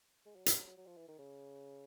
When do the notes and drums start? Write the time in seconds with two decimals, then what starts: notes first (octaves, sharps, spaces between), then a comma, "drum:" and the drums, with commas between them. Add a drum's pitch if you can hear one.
0.26 G#3
0.35 F#3
0.46 F3, drum: hi-hat
0.57 F#3
0.67 F#3
0.77 F#3
0.87 F3
0.97 E3
1.08 D#3
1.18 C#3